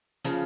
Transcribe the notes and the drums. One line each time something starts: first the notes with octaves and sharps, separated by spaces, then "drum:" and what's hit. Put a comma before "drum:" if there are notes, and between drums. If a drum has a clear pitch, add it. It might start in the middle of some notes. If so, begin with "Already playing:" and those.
C#3 F3, drum: hi-hat